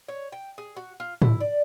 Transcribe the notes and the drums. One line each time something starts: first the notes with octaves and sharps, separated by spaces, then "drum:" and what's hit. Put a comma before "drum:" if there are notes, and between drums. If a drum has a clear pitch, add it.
C#5
G5
G#4
F#4
F4
E4, drum: tom
D5